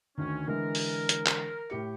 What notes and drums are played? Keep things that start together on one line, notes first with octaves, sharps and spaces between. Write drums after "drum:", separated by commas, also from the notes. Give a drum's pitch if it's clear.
D2 D#3 C#4
D3 E3 G#3 A#4
drum: open hi-hat
drum: hi-hat
drum: clap
A2 G4 C#7